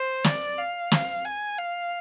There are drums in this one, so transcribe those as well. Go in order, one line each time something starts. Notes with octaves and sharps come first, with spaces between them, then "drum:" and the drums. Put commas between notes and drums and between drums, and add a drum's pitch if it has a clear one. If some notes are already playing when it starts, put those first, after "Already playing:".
Already playing: C5
D5, drum: snare
F5
drum: snare
G#5
F5